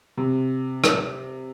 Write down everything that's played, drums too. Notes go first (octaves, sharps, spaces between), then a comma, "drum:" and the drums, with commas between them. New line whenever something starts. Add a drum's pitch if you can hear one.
C3
drum: rim click